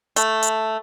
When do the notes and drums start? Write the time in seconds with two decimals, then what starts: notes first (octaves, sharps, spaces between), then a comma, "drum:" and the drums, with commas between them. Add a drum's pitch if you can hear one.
0.16 A3, drum: hi-hat
0.42 drum: hi-hat